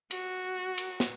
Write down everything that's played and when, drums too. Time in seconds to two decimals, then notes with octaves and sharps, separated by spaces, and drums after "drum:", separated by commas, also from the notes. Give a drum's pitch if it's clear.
0.11 F#4, drum: cymbal
0.78 drum: cymbal
1.00 drum: snare